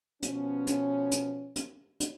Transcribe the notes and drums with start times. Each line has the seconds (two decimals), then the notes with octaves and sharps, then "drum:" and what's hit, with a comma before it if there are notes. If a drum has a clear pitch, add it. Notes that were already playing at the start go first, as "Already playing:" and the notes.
0.23 B2 F3 B3 C#4, drum: hi-hat
0.67 drum: hi-hat
1.11 drum: hi-hat
1.56 drum: hi-hat
2.00 drum: hi-hat